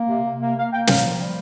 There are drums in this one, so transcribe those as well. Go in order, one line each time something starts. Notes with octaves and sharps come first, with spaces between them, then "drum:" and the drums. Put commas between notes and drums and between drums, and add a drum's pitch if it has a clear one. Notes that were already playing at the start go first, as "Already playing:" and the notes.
Already playing: A#3
C3
C3
A#3
A#3 F5
A#3 G5
A#3 F5, drum: snare
F3
G3